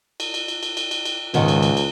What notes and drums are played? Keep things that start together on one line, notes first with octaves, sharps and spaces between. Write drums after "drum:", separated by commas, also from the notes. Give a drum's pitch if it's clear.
drum: cymbal
drum: cymbal
drum: cymbal
drum: cymbal
drum: cymbal
drum: cymbal
drum: cymbal
C#2 G#2 D#3 F#5, drum: cymbal
drum: cymbal
drum: cymbal
drum: cymbal